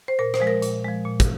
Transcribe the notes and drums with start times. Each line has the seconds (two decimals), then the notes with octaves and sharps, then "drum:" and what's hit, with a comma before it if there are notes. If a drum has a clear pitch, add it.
0.08 C5
0.19 A#2 A#4
0.34 C5, drum: rim click
0.40 F3 G#3
0.47 A#4
0.62 A#2, drum: hi-hat
0.84 F3 G#3
1.05 A#2
1.20 drum: kick, hi-hat